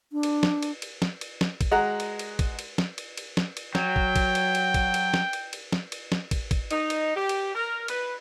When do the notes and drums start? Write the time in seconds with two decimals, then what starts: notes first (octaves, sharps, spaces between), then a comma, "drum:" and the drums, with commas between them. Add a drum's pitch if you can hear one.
0.13 D4
0.23 drum: cymbal
0.43 drum: snare
0.63 drum: cymbal
0.82 drum: cymbal
1.02 drum: snare
1.21 drum: cymbal
1.41 drum: snare
1.61 drum: kick, cymbal
1.71 G#3 F#4 F#5 A#5
2.00 drum: cymbal
2.19 drum: cymbal
2.39 drum: kick, cymbal
2.59 drum: cymbal
2.78 drum: snare
2.98 drum: cymbal
3.17 drum: cymbal
3.37 drum: snare
3.57 drum: cymbal
3.75 F#3 G5, drum: snare
3.96 drum: kick
4.16 drum: kick, cymbal
4.35 drum: cymbal
4.55 drum: cymbal
4.74 drum: kick, cymbal
4.94 drum: cymbal
5.14 drum: snare
5.33 drum: cymbal
5.53 drum: cymbal
5.72 drum: snare
5.92 drum: cymbal
6.12 drum: snare
6.31 drum: kick, cymbal
6.51 drum: kick, cymbal
6.71 D#4, drum: cymbal
6.90 drum: cymbal
7.15 G4
7.29 drum: cymbal
7.54 A#4
7.88 B4, drum: cymbal